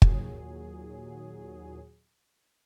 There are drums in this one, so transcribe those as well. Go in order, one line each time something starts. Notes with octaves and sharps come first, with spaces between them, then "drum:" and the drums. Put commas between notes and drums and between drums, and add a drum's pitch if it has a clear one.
D#2 A#2 F#3 G#4, drum: kick